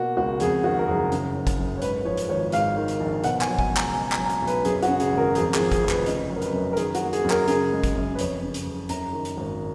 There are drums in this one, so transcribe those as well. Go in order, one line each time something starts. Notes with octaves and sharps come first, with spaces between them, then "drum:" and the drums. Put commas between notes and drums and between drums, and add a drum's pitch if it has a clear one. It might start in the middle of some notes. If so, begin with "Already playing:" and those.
Already playing: B2 A#3 F#4
C#2 F#4
F2 G#4, drum: hi-hat
D#3 F#4
A#4
F#1 G#4
C#3, drum: hi-hat
F#3
drum: kick, hi-hat
F#2
C#5
G#2 B4, drum: hi-hat
F3 C#5
drum: hi-hat
G#1 C#5
G#2 F5, drum: hi-hat
D#3
drum: hi-hat
A#1
B2 F#5, drum: hi-hat
G#5, drum: clap
F#3
G#5, drum: kick
C#2
A#5, drum: clap
B2 G#5
G#5
A#5, drum: clap
F#3
A#5
G#5, drum: hi-hat
B1
B4, drum: hi-hat
F#2 G#4, drum: hi-hat
F#4, drum: hi-hat
C#3
G#4, drum: hi-hat
G#1 A#4
F2 G#4, drum: hi-hat
G#4, drum: clap
F3
G#4, drum: kick, hi-hat
F1
B4, drum: clap
C#3 D#5, drum: hi-hat
F#3
A#4
B4, drum: hi-hat
F#2
A#4
D#3 G#4, drum: hi-hat
F#4, drum: hi-hat
A#3
G#4, drum: hi-hat
F#2
A#4, drum: clap
C#3 G#4, drum: hi-hat
G#3
drum: kick, hi-hat
F#2
B4
F2 C#5, drum: hi-hat
C#3
drum: hi-hat
F#1
F#2 A#5, drum: hi-hat
D#3
drum: hi-hat
G#1